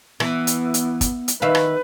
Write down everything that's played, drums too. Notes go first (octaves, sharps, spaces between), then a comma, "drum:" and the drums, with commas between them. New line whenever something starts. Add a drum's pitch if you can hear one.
E3 B3, drum: rim click
drum: hi-hat
drum: hi-hat
drum: kick, hi-hat
drum: hi-hat
D#3 B4 E5 F5
drum: rim click